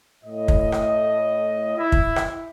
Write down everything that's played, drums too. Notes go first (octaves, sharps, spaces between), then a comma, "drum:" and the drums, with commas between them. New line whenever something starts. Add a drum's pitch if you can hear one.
A2 D#5
drum: kick
drum: rim click
E4
drum: kick
drum: rim click